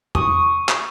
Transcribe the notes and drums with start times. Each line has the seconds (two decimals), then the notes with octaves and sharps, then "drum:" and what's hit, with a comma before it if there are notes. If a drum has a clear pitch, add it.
0.15 C#6 D#6, drum: tom E2
0.69 drum: clap